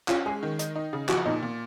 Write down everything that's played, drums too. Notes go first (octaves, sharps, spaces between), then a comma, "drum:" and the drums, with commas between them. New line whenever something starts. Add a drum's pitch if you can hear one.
C#4 F4, drum: clap
G#3 G#4
D#3
D#4, drum: hi-hat
D#4
C#3
F3 F#4, drum: clap
A#2 D#4
A#2